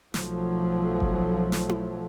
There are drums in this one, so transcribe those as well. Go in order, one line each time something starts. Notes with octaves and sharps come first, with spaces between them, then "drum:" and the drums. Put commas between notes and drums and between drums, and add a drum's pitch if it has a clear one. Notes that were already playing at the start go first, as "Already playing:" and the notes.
B1 F3 F#3 A3, drum: snare
drum: kick G1
drum: snare
drum: tom E4